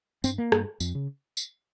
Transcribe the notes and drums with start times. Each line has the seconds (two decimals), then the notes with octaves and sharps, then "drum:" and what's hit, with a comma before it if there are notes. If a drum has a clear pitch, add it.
0.24 G2 C4, drum: tambourine
0.38 A#3
0.52 G2, drum: rim click
0.80 F2, drum: tambourine
0.95 C#3
1.37 drum: tambourine